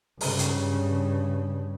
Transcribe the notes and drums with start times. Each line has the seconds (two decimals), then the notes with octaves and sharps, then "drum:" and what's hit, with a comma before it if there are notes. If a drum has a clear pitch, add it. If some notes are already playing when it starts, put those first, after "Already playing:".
0.21 G2 C#3, drum: open hi-hat
0.39 drum: hi-hat